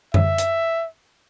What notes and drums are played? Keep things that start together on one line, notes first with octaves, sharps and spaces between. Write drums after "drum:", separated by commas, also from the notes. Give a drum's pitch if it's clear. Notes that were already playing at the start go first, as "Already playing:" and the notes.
E5, drum: tom F#2
drum: hi-hat